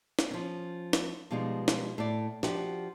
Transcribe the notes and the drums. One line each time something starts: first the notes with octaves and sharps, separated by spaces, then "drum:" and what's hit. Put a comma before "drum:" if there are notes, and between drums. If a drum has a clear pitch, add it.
drum: snare
F3 C#4
drum: snare
B2 F3 G3 G#3 D#4
drum: snare
A2 D5
F3 D4 F#4 G4, drum: snare